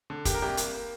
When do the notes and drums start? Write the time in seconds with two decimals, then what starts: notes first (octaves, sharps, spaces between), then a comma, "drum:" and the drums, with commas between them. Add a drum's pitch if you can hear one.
0.10 D3
0.25 A#3 G4, drum: kick, hi-hat
0.34 A#4
0.42 C2 G4
0.57 A#3, drum: hi-hat
0.74 A#3